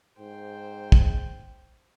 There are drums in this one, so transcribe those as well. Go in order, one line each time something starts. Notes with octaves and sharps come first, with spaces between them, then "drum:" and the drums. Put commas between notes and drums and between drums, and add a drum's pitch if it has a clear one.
G#2 C5 G5
drum: kick